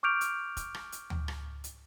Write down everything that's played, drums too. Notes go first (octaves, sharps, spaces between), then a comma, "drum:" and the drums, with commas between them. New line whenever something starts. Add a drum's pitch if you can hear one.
C#6 D6 F6 G6 D7 F7
drum: hi-hat
drum: kick, hi-hat
drum: rim click
drum: hi-hat
drum: tom D2
drum: rim click
drum: hi-hat